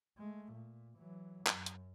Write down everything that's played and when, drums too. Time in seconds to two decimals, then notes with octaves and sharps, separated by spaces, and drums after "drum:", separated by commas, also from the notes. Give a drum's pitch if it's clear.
0.18 G#3 A3
0.53 A#2
0.98 E3 F#3
1.47 F#2, drum: clap
1.66 drum: hi-hat